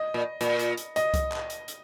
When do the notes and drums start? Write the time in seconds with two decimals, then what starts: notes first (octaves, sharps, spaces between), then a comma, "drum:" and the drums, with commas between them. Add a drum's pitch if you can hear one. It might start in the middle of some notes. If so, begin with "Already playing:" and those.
Already playing: D#5
0.14 A#2
0.41 A#2, drum: hi-hat
0.59 drum: hi-hat
0.77 drum: hi-hat
0.96 D#5, drum: hi-hat
1.14 drum: kick C2, hi-hat
1.32 drum: clap
1.50 drum: hi-hat
1.68 drum: hi-hat